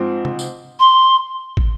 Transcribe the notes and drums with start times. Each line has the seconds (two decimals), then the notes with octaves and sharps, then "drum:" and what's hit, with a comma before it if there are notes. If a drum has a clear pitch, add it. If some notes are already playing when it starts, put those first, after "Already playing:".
Already playing: G#2 F3 C4
0.25 drum: tom
0.39 drum: tambourine
0.79 C6
1.57 drum: kick